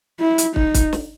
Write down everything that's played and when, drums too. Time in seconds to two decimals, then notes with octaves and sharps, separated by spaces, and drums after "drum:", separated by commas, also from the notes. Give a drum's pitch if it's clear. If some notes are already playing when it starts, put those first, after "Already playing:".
0.20 E4
0.38 drum: hi-hat
0.56 D#4, drum: kick
0.74 drum: kick, hi-hat
0.93 drum: snare